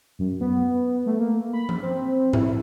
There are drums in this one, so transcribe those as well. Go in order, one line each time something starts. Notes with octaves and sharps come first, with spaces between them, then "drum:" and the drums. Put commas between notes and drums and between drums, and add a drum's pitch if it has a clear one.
F#2
B3
A3
A#3
B5
drum: tom F3
C4
E4, drum: tom G#2